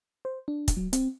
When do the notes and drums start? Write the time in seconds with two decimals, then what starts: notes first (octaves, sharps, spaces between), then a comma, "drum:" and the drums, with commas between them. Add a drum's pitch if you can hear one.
0.25 C5
0.48 D4
0.68 drum: kick, hi-hat
0.77 F#3
0.93 C4, drum: hi-hat